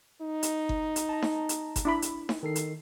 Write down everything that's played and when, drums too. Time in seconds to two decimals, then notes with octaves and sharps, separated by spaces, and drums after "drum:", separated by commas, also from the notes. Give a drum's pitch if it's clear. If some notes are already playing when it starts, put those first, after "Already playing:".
0.21 D#4
0.43 drum: hi-hat
0.69 drum: kick G1
0.96 drum: hi-hat
1.09 A5 A#5
1.22 drum: snare D#4
1.49 drum: hi-hat
1.76 drum: kick G1, hi-hat
1.85 D4 E4 B5
2.02 drum: hi-hat
2.29 drum: snare D#4
2.43 D#3 A4 C7
2.55 drum: hi-hat